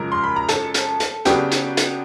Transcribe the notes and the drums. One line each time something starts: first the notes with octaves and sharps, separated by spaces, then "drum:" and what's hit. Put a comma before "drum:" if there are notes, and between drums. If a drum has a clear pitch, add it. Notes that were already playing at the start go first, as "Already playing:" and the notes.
Already playing: F#2 C#3 F3 G#3 A#4 A#5
C6
B5
A#5
A4 A5, drum: hi-hat
drum: hi-hat
drum: hi-hat
C#3 F#3 B3 D4 G4 G5, drum: hi-hat
drum: hi-hat
drum: hi-hat